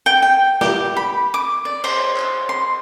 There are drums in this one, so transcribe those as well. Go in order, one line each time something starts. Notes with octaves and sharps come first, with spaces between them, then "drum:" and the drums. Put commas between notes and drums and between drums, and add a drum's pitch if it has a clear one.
G5
G5
G4, drum: snare
B5
D6
D5
C5, drum: cymbal
drum: clap
C6